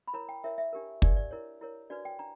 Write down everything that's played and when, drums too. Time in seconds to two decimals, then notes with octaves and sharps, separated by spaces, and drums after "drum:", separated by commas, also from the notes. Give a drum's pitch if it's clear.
0.08 B5
0.13 E4 A#4 C#5 A#5
0.29 G5
0.44 E4 A#4 C#5 E5
0.58 E5
0.73 D4 G4 A#4
1.02 D4 G4 A#4 D5, drum: kick
1.16 D5
1.31 E4 A#4 C#5
1.61 E4 A#4 C#5
1.90 D4 F#4 B4 D5
2.05 G5
2.19 D4 A#5